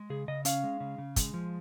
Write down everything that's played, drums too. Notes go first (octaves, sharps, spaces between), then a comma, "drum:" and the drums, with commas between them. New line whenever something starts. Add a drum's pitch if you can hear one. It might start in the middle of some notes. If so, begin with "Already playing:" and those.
Already playing: G#3
C#3 G#4
C#3 D#5
C#4 F5, drum: hi-hat
G#3
C#3
C#3
G#3, drum: kick, hi-hat
F3